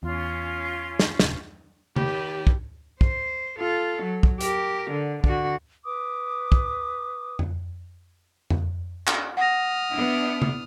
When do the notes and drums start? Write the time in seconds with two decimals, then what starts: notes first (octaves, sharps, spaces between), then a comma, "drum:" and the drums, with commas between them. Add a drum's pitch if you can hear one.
0.03 E2 C#4 F4
1.00 drum: snare
1.20 D#1 A#1 C#3, drum: snare
1.96 D#2 G4, drum: tom C#3
2.47 drum: kick
3.01 C5, drum: kick
3.59 F4 A4
4.03 F#3
4.23 drum: kick
4.41 G4 A#4, drum: hi-hat
4.91 D3
5.24 D3 F#4, drum: kick
5.84 B4 D6 D#6
6.52 drum: kick
7.39 drum: tom F2
8.50 drum: tom F2
9.07 drum: clap
9.37 F#5 D#6 F6 A#6
9.92 B3 D4 E4
10.42 drum: tom C#3